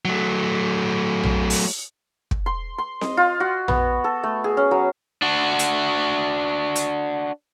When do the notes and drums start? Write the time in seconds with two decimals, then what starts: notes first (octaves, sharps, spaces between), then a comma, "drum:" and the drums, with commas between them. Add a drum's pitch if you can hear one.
0.05 F#3 A3
1.23 drum: tom A#1
1.50 drum: open hi-hat
2.31 drum: kick
2.46 C6
2.78 C6
3.01 D#5, drum: snare C4
3.17 F4
3.40 F#4
3.68 B3, drum: tom A#1
4.04 A4
4.23 A3
4.44 G#4
4.57 C#4
4.71 F#3
5.22 D4 F#4
5.59 drum: hi-hat
6.75 drum: hi-hat